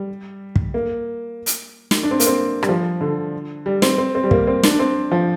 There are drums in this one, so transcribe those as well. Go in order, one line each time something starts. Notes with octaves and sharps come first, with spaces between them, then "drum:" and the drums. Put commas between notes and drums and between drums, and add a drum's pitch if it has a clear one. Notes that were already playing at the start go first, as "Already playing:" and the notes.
Already playing: G3
drum: kick
A#3
drum: hi-hat
drum: snare
D4
C4
A#3, drum: hi-hat
C4
G3, drum: rim click
F3
D3
G3
C4, drum: snare
C4
C4
G3
A#3, drum: kick
C4
D4, drum: snare
C4
F3